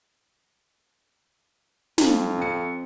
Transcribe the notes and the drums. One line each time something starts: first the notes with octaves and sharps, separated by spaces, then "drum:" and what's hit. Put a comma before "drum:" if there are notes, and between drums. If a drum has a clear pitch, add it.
F2, drum: snare
C4 C#7